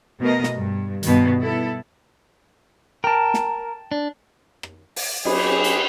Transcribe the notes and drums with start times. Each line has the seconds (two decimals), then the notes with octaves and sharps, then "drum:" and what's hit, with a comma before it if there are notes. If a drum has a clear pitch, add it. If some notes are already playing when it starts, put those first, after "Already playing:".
0.20 B2 A3 A#4 D#5
0.44 drum: snare
0.54 G2
1.03 G2 B2 D#3, drum: hi-hat
1.40 B3 E4 A4
3.04 A#4 G5 A5
3.34 drum: snare
3.92 D4
4.63 drum: rim click
4.96 drum: open hi-hat
5.25 F#3 G4 G#4 D#5 B5, drum: cymbal
5.64 drum: hi-hat